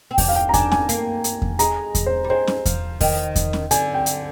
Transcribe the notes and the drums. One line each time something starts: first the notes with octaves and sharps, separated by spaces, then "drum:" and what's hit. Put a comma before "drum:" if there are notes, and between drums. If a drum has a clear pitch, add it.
C4
D4 G5, drum: kick E2, open hi-hat
F5
G5
A#5
D4 G#5, drum: kick E2, hi-hat
G#5, drum: snare C#4
A#3, drum: hi-hat
drum: hi-hat
drum: kick E2
G#3 A#5, drum: hi-hat
drum: kick E2, hi-hat
C5
G3
G#3 C5
drum: snare C#4
F3, drum: kick E2, hi-hat
D#3, drum: kick E2, open hi-hat
drum: kick E2, hi-hat
drum: snare C#4
D3 G#5, drum: hi-hat
G5
drum: hi-hat